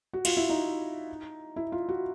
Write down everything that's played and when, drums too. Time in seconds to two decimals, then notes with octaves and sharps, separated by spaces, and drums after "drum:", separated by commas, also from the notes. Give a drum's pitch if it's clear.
0.13 F#4
0.25 F4, drum: cymbal
0.37 E4
0.49 D#4
1.56 E4
1.72 F4
1.89 F#4